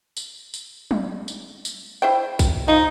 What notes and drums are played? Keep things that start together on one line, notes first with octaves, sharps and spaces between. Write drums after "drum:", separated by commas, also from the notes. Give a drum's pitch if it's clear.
drum: tambourine
drum: tambourine
drum: tom F#3
drum: tambourine
drum: tambourine
E4 C5 G5
drum: kick A#1, tambourine
F3 D#4